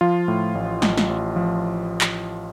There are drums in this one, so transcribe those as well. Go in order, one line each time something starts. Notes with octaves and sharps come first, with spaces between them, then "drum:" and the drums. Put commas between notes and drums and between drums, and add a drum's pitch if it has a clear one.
F3 F4
A2
A1
A1, drum: snare
drum: snare
A1
F3
drum: clap